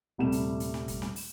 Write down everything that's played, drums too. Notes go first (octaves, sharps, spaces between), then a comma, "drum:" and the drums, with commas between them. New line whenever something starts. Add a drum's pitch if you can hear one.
D#1 C3 G3 A3 E4 E7
drum: hi-hat
drum: hi-hat
drum: snare
drum: kick, hi-hat
drum: snare
drum: open hi-hat